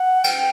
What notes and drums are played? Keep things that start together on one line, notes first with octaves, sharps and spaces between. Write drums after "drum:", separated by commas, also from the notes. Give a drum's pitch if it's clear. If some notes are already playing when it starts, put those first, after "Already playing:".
Already playing: F#5
G5, drum: cymbal